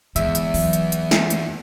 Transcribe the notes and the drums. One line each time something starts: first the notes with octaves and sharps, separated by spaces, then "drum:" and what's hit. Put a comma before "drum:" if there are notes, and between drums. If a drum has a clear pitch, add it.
E2 G#3 E5, drum: hi-hat
drum: hi-hat
E3 F#3, drum: open hi-hat
drum: hi-hat
drum: hi-hat
drum: snare
drum: hi-hat